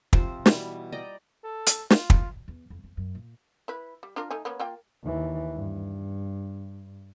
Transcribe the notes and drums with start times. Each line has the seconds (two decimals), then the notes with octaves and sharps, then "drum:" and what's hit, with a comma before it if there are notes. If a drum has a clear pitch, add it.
0.13 C3 F3 C4 C5, drum: kick
0.46 B2 E3 G3, drum: snare
0.92 D5 D#5 G5 A#5
1.44 A4
1.66 drum: hi-hat
1.90 F4, drum: snare
2.10 drum: kick
2.48 E2
2.70 F2
2.84 F2
2.97 F#2
3.15 A#2
3.68 E4 B4
4.03 G3
4.16 D4 F4 A#4
4.30 A3 D#4 G#5
4.45 A#3 B3 C#4
4.59 A#3 F4 G5
5.03 D#2 E3
5.55 G2